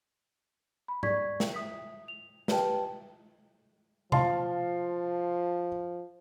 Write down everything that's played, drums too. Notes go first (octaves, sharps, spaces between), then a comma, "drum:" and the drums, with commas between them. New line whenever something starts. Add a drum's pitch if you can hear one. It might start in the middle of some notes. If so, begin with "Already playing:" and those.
B5
D5 C#6 G#6 B6, drum: tom G#2
drum: snare
E5 D#6 B6
F7
G4 B4 C#5 G5 A5, drum: snare
F3 F5 A5 C6, drum: tom B2